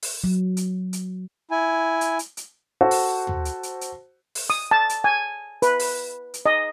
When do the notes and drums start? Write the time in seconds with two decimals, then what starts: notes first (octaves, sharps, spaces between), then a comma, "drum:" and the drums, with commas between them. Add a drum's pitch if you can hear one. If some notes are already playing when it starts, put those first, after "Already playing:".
0.03 drum: open hi-hat
0.24 F#3
0.57 drum: hi-hat
0.93 drum: hi-hat
1.51 E4 G#5
2.01 drum: hi-hat
2.19 drum: hi-hat
2.37 drum: hi-hat
2.81 F#4 A4 C5
2.91 drum: open hi-hat
3.27 drum: tom
3.45 drum: hi-hat
3.63 drum: hi-hat
3.81 drum: hi-hat
4.35 drum: open hi-hat
4.50 D#6
4.71 A5
4.89 drum: hi-hat
5.04 G#5
5.62 B4, drum: hi-hat
5.80 drum: open hi-hat
6.34 drum: hi-hat
6.46 D#5